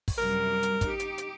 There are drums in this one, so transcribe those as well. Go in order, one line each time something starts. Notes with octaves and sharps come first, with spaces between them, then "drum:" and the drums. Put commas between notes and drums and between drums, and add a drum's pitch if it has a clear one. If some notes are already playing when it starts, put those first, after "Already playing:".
drum: kick, open hi-hat
F#2 C3 G3 A#4
drum: hi-hat
D#4 G4, drum: kick, hi-hat
drum: hi-hat
drum: hi-hat